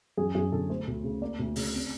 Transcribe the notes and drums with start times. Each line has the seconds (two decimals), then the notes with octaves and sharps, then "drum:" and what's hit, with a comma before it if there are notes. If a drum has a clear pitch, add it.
0.17 F#2 G#4
0.35 F#2 G#4
0.52 D3 A4
0.69 A3 C5
0.87 D2
1.04 C#3
1.22 A#3 D5
1.39 D2
1.56 C#3, drum: open hi-hat
1.74 C4